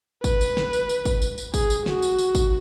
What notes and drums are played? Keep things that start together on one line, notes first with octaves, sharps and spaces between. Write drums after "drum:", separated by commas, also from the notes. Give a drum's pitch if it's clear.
B4, drum: kick, tambourine
drum: tambourine
drum: snare
drum: tambourine
drum: tambourine
drum: kick, tambourine
drum: tambourine
drum: tambourine
G#4, drum: kick, tambourine
drum: tambourine
F#4, drum: snare
drum: tambourine
drum: tambourine
drum: kick, tambourine